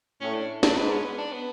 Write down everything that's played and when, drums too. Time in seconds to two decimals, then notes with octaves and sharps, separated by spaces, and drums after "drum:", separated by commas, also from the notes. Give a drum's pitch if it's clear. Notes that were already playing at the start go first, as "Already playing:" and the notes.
0.21 A2 C#4
0.35 D4
0.63 D4, drum: snare
0.77 G#2 B4
0.91 C#4
1.04 B3
1.18 D4
1.33 B3